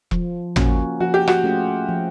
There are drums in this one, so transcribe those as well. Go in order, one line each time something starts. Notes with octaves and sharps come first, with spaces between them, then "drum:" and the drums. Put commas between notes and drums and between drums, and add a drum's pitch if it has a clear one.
F3, drum: kick E1
A#3 C#4 F#4, drum: tom
F3 F#4
G4
F#4, drum: rim click
A3 C#4 F4 G#4
F3